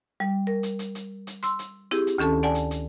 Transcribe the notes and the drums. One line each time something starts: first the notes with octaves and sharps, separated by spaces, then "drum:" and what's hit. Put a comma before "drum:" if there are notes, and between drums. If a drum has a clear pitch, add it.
G3
A#4
drum: hi-hat
drum: hi-hat
drum: hi-hat
drum: hi-hat
C6 E6, drum: hi-hat
drum: hi-hat
C4 E4 G4 G#4, drum: hi-hat
drum: hi-hat
D2 D#3 C#4 A4 A5
D5 F#5 G#5 A5
drum: hi-hat
drum: hi-hat